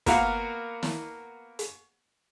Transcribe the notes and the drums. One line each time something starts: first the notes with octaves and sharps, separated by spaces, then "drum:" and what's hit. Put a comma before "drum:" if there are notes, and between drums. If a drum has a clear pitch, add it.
A#3 B3 F#4 A#4 F5 F#5, drum: kick, hi-hat
drum: snare
drum: hi-hat